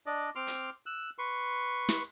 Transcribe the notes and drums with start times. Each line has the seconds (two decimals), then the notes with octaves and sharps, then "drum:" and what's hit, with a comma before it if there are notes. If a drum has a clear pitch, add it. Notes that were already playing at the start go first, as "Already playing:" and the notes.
0.06 D4 D5 D#5
0.36 C4 C6 D6 F6
0.47 drum: hi-hat
0.86 E6 F#6
1.18 B4 C6 C#6
1.89 drum: snare